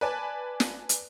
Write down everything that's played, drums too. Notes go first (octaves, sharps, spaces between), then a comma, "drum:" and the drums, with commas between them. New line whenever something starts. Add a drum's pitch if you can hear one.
B4 D5 G#5 A5
drum: snare
drum: hi-hat